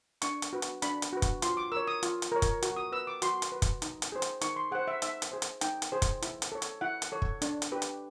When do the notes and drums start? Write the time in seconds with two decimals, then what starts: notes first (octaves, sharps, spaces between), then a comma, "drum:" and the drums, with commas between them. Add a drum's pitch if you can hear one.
0.22 D4 C#6, drum: hi-hat
0.42 drum: hi-hat
0.53 F#4 B4
0.62 drum: hi-hat
0.82 D4 B5, drum: hi-hat
1.02 drum: hi-hat
1.12 F#4 B4
1.22 drum: kick, hi-hat
1.42 F4 C6, drum: hi-hat
1.57 D6
1.72 A#4 C#5 E6
1.87 D#6
2.03 F4, drum: hi-hat
2.22 drum: hi-hat
2.32 A#4 C#5
2.42 drum: kick, hi-hat
2.62 F#4, drum: hi-hat
2.76 D#6
2.92 B4 E6
3.07 D6
3.22 F#4 C6, drum: hi-hat
3.42 drum: hi-hat
3.52 B4
3.62 drum: kick, hi-hat
3.82 D#4, drum: hi-hat
4.02 drum: hi-hat
4.12 G#4 C5
4.22 drum: hi-hat
4.41 D#4 C#6, drum: hi-hat
4.56 C6
4.71 G#4 C5 F#5
4.88 E5
5.02 D#4 E5, drum: hi-hat
5.22 drum: hi-hat
5.32 G#4 C5
5.42 drum: hi-hat
5.61 D#4 G5, drum: hi-hat
5.82 drum: hi-hat
5.92 G#4 C5
6.02 drum: kick, hi-hat
6.22 E4, drum: hi-hat
6.42 drum: hi-hat
6.52 A4 C#5
6.62 drum: hi-hat
6.81 E4 F#5
7.02 drum: hi-hat
7.12 A4 C#5
7.22 drum: kick
7.42 D4, drum: hi-hat
7.62 drum: hi-hat
7.72 G4 B4
7.82 drum: hi-hat